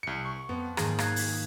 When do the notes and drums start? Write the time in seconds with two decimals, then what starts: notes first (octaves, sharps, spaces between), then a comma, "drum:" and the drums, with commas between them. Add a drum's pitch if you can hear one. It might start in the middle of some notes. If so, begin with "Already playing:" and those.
0.03 C2 C#7
0.25 C#6
0.49 F2 B3
0.77 G#2 D#3 A#3 G#4, drum: rim click
0.99 F5 F#6 G#6, drum: rim click
1.16 drum: open hi-hat